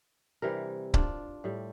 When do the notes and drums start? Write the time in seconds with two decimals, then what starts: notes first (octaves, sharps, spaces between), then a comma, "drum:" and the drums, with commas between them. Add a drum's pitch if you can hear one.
0.42 C3 E3 G3 A#4
0.94 D4 F4, drum: kick C#1
1.44 A2 G3